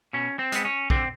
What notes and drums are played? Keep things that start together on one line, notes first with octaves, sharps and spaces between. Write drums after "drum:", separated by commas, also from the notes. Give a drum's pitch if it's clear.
B2 C#4
C4
G#3 B3, drum: hi-hat
C#4
D3 C4, drum: kick